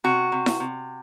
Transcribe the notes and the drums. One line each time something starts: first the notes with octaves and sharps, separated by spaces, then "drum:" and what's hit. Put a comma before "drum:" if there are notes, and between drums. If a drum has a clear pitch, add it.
C3 F#4
C3
drum: snare E4
C3